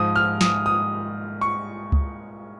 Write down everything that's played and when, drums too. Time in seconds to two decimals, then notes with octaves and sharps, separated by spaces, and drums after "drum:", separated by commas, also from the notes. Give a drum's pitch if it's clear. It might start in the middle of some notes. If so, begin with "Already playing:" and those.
Already playing: G#2 F3 D#6
0.16 F6
0.41 D#6, drum: snare
0.66 D#6
1.41 C#6
1.92 drum: kick C#2